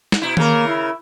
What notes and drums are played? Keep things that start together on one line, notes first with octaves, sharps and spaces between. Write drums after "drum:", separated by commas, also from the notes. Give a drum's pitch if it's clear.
drum: snare
B2 E4
C#3 A#3 A#4, drum: tom D#3
E4